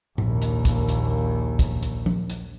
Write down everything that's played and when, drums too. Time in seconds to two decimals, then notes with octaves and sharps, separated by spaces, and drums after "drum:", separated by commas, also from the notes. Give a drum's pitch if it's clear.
0.18 A#1 D#2, drum: tom G#2
0.42 drum: hi-hat
0.65 drum: kick, hi-hat
0.89 drum: hi-hat
1.59 drum: kick, hi-hat
1.83 drum: hi-hat
2.06 drum: tom F3
2.30 drum: hi-hat